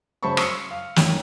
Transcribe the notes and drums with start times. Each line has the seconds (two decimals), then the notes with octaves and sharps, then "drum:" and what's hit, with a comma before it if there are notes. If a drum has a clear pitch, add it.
0.23 F#2 C#3 C5 A5 B5 C#6
0.37 C6 C#6 D#6 E6 C7 C#7, drum: rim click
0.71 F5
0.96 A1 F#2 D#3 G5, drum: snare